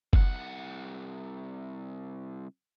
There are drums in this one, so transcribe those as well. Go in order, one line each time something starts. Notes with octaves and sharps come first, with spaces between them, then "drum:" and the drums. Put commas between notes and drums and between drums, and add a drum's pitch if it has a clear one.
C2 F#5, drum: kick F#1